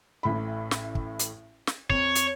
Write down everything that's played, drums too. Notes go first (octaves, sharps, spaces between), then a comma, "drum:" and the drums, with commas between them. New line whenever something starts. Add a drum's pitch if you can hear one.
A1 A2 B5
drum: snare
drum: kick
drum: hi-hat
drum: snare
F2 C#5, drum: kick
drum: hi-hat